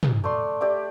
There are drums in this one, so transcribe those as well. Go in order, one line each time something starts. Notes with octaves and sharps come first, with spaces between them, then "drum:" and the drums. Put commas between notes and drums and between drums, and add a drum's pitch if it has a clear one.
drum: tom
A3 D5 C6
G4 D5 E5 G5